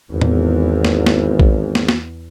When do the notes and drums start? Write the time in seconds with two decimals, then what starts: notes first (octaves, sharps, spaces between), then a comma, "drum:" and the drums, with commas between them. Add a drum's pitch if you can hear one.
0.11 G#1 E2
0.21 drum: tom A2
0.85 drum: snare
1.06 drum: snare
1.40 drum: kick A#1
1.75 drum: snare
1.89 drum: snare